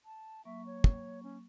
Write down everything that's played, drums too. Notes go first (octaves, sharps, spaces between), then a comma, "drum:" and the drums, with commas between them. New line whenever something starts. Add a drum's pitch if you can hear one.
A5
F#3 A#3 E5 C#6
C#5
drum: kick
C#4